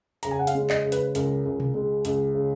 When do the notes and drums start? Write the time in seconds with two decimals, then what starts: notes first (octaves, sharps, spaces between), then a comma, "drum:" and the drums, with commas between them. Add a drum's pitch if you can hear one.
0.23 C#3 A#5, drum: hi-hat
0.31 G#5
0.39 F#5
0.47 F5, drum: hi-hat
0.55 G#3
0.70 D#5, drum: clap
0.85 C#3
0.92 B4, drum: hi-hat
1.15 C#2 A#4, drum: hi-hat
1.45 C#2
1.60 drum: tom B2
1.74 G#3
2.05 C#2, drum: hi-hat
2.35 C#3